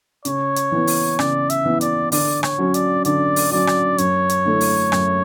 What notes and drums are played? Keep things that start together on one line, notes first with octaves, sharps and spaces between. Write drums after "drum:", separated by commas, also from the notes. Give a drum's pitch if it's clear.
C#3 C#5, drum: hi-hat
drum: hi-hat
E3 B3
drum: open hi-hat
C#3 D5, drum: rim click
E5, drum: hi-hat
E3 B3
D5, drum: hi-hat
D3 D5, drum: open hi-hat
C#5, drum: rim click
F#3 C#4
D5, drum: hi-hat
D3 D5, drum: hi-hat
drum: open hi-hat
F#3 C#4 D5
drum: rim click
F#2 C#5, drum: hi-hat
drum: hi-hat
D3 A3 E4 A4
drum: open hi-hat
F#2, drum: rim click